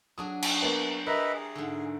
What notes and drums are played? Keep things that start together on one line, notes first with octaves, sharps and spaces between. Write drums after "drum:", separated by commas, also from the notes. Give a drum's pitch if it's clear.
F#3 D4 G#4 D#6
drum: cymbal
A#3 B3
E4 G4 A#4 B4 D#5 E5
G#4
G#2 D3